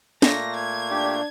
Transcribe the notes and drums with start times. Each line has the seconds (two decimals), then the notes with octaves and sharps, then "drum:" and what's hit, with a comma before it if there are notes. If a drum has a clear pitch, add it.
0.22 A#2 A3 A#3 A#6, drum: snare
0.55 G#6
0.91 D4 G4